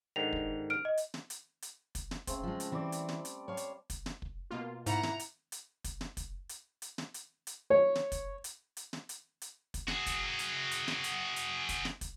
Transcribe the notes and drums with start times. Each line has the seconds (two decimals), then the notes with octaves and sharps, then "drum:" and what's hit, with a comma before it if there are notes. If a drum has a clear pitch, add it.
0.16 G#2 D3 D#3 F7
0.33 drum: kick
0.70 F6 D7
0.85 D#5
0.97 drum: hi-hat
1.14 drum: snare
1.30 drum: hi-hat
1.62 drum: hi-hat
1.95 drum: kick, hi-hat
2.11 drum: snare
2.27 C#3 A3 C4, drum: kick, hi-hat
2.43 F3 G#3
2.60 drum: hi-hat
2.72 E3 G3 C4 E4 D5
2.92 drum: hi-hat
3.08 drum: snare
3.25 drum: hi-hat
3.48 C#5 F5 A5 C#6
3.57 drum: hi-hat
3.90 drum: kick, hi-hat
4.06 drum: snare
4.22 drum: kick
4.51 B2 A#3 F4
4.86 G#2 E4 F#5 A#5, drum: hi-hat
5.03 drum: snare
5.19 drum: hi-hat
5.52 drum: hi-hat
5.84 drum: kick, hi-hat
6.01 drum: snare
6.17 drum: kick, hi-hat
6.49 drum: hi-hat
6.82 drum: hi-hat
6.98 drum: snare
7.14 drum: hi-hat
7.47 drum: hi-hat
7.70 C#5
7.95 drum: snare
8.12 drum: kick, hi-hat
8.44 drum: hi-hat
8.77 drum: hi-hat
8.93 drum: snare
9.09 drum: hi-hat
9.42 drum: hi-hat
9.74 drum: kick, hi-hat
9.88 F#4 G#4, drum: snare
10.06 drum: kick, hi-hat
10.39 drum: hi-hat
10.71 drum: hi-hat
10.88 drum: snare
11.04 drum: hi-hat
11.36 drum: hi-hat
11.69 drum: kick, hi-hat
11.85 drum: snare
12.01 drum: kick, hi-hat